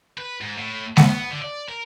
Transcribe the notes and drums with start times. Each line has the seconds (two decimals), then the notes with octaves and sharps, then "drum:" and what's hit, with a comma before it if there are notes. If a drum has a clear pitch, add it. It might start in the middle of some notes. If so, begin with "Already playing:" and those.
0.18 B4
0.41 G#2
0.57 A2
0.97 B3, drum: snare G#3
1.10 B3
1.31 D3
1.42 D5
1.69 A#4